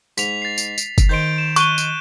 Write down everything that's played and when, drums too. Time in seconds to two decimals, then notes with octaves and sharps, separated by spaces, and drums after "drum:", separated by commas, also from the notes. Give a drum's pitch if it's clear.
0.18 G#2 B6 F7, drum: tambourine
0.42 A6 C7
0.58 drum: tambourine
0.78 drum: tambourine
0.98 drum: kick F#1, tambourine
1.09 D#3 C5 G6 D7
1.38 E7
1.56 C#6 F#6 D#7 G7, drum: tambourine
1.78 drum: tambourine